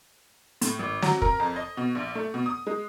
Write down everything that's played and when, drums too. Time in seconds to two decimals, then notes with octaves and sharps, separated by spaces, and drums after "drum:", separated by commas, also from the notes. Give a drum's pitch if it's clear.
0.62 A2, drum: hi-hat
0.79 G#1
1.02 F#3, drum: snare
1.22 A#4, drum: kick
1.40 F2
1.56 D#5
1.77 B2
1.95 A#1
2.15 A3
2.34 B2
2.46 D#6
2.67 G#3